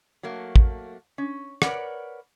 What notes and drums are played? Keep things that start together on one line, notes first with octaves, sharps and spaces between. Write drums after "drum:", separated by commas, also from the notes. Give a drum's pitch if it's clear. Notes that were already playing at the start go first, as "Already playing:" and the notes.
F#3 A3 A#3
drum: kick
C#4
A#4 B4 C#5 D5 F#5, drum: rim click